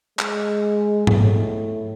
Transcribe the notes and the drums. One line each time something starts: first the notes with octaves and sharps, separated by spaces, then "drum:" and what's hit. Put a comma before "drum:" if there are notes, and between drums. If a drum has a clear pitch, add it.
G#3, drum: clap
A2, drum: tom G#2